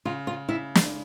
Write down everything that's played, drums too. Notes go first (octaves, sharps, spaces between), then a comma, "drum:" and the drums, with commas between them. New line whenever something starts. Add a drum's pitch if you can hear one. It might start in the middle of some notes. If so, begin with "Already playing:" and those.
C#3 F4
F4
C#3 E4
drum: snare